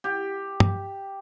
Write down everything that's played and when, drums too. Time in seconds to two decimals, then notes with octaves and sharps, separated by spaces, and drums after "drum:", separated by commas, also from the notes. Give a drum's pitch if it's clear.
0.04 G4
0.60 drum: tom